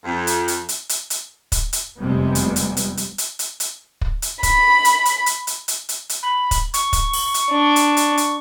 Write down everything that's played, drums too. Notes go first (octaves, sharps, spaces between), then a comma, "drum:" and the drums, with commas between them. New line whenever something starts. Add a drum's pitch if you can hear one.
F2
drum: hi-hat
drum: hi-hat
drum: hi-hat
drum: hi-hat
drum: hi-hat
drum: kick, hi-hat
drum: hi-hat
F1 E2 C3 G3 G#3 B3
drum: hi-hat
drum: hi-hat
drum: hi-hat
drum: hi-hat
drum: hi-hat
drum: hi-hat
drum: hi-hat
drum: kick
drum: hi-hat
B5, drum: kick, hi-hat
drum: hi-hat
drum: hi-hat
drum: hi-hat
drum: hi-hat
drum: hi-hat
drum: hi-hat
drum: hi-hat
B5
drum: kick, hi-hat
C#6, drum: hi-hat
drum: kick, hi-hat
drum: open hi-hat
drum: hi-hat
D4
drum: hi-hat
drum: hi-hat
drum: hi-hat